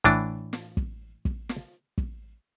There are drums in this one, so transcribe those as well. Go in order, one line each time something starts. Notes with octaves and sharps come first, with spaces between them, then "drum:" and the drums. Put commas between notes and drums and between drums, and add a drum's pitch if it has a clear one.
A2 E3 D4, drum: kick
drum: snare
drum: kick
drum: kick
drum: snare
drum: kick